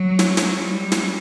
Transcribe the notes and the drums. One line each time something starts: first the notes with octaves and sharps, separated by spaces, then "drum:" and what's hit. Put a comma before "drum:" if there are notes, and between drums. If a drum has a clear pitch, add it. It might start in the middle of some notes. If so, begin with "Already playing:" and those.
Already playing: F#3
drum: snare
drum: snare
G3
drum: snare